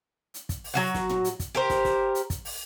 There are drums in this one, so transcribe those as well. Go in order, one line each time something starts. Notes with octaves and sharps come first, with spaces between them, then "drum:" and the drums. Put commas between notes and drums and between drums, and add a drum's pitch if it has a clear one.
drum: hi-hat
drum: kick, hi-hat
drum: open hi-hat
F#3 F#4 F#5
drum: snare
drum: tom A2
drum: hi-hat
drum: kick, hi-hat
G4 A#4 C5
drum: snare
drum: snare
drum: hi-hat
drum: kick, hi-hat
drum: open hi-hat